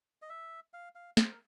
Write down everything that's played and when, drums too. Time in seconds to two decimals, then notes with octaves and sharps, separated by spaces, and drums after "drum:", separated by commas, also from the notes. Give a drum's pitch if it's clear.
0.22 D#5
0.29 E5
0.73 F5
0.95 F5
1.17 C5, drum: snare
1.30 A#4